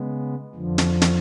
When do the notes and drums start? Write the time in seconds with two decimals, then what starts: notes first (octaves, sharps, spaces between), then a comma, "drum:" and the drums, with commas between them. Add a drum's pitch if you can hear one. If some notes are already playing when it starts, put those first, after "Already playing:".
Already playing: C#3 G#3 B3
0.55 F2 D3 F3
0.78 drum: snare
1.02 drum: snare